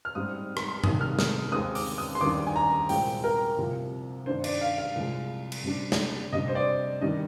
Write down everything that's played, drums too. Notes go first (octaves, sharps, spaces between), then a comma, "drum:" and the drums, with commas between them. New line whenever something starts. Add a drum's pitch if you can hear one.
F6
G#2 G3 C4 D#6
drum: rim click
C2 C3 D#3 D#6, drum: tom G#2
F6
D#6, drum: snare
D#2 D#3 G#3 C4 D#6
D6, drum: open hi-hat
D#6
C6
D#2 D#3 G3 D4 D6
G#5
A#5
C2 A#2 G#3 C4 G5, drum: open hi-hat
A#4
C2 C3 F3
G2 D#3 G3 D4 C5
D5, drum: cymbal
F5
F5
C2 C3 F3 G#3
drum: cymbal
C3 G3 D4
drum: snare
C3 G3 D4 D#5
C5
D5
D#3 G3 D4 D#5